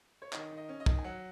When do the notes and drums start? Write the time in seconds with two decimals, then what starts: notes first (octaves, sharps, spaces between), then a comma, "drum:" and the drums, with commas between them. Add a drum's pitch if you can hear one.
0.22 C#5
0.33 D#3 D#5, drum: clap
0.51 D#3
0.57 D#5
0.69 C#4
0.80 D#5
0.86 D#3, drum: kick
0.98 G#5
1.04 F#3 F#5